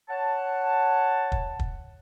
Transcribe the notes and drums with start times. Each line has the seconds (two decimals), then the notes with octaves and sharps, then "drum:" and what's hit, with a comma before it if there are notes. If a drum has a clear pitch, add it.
0.10 C#5 F#5 A5
1.32 drum: kick
1.59 drum: kick